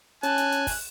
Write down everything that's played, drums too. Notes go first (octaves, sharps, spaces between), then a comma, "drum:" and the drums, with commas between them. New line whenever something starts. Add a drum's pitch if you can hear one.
C#4 G#5 A5 F#6, drum: hi-hat
drum: hi-hat
drum: hi-hat
drum: kick, open hi-hat